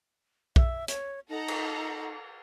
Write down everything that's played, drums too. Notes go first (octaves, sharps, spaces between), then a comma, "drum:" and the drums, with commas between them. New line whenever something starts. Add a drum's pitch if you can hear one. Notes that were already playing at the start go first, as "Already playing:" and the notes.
E5, drum: kick
C#5, drum: hi-hat
D#4 A4 F#5 A#5
drum: cymbal